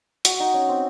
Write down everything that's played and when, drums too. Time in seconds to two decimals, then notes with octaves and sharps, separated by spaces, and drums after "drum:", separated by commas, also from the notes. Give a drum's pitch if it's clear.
0.25 F#4, drum: hi-hat
0.40 D#4
0.54 C#4
0.69 C4